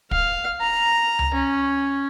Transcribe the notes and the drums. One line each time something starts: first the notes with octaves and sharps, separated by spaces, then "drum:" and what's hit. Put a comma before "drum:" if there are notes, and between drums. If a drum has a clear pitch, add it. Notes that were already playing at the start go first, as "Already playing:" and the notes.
F5, drum: kick
A#5
drum: tom C#2
C#4